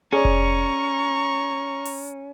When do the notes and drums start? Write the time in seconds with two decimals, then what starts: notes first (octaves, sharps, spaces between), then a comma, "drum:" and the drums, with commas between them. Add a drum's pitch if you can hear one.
0.12 C#4 G#4 C#5 D5 A#5 C#6
0.25 drum: kick F1
1.85 drum: open hi-hat